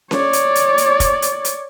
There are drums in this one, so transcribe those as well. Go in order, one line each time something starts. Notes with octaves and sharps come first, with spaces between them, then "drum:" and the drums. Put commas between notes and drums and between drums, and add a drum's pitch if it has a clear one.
C#5 D5, drum: snare C#4
drum: hi-hat
drum: hi-hat
drum: hi-hat
drum: kick, hi-hat
drum: hi-hat
drum: hi-hat